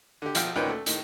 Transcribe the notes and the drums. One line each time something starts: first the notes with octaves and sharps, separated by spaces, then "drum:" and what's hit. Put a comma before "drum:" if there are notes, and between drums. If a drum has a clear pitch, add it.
D3 G4
B1 F3 F5 G5, drum: hi-hat
D2 A#2 D#3 C#4 B4 G5
A3
A2 D#3, drum: hi-hat